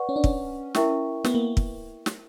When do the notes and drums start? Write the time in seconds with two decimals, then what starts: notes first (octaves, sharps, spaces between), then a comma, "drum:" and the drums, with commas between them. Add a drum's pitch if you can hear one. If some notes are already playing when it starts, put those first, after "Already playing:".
Already playing: B4 D5 F#5 C#6
0.09 C#4
0.16 D4
0.24 C#4, drum: kick
0.75 E4 A#4 E5 G5 C#6, drum: snare
1.24 B3, drum: snare
1.34 A#3
1.57 drum: kick
2.06 drum: snare